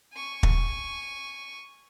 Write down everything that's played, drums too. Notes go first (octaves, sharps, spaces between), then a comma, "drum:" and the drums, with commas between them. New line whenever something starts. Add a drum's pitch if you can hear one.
G#5 C#6
drum: kick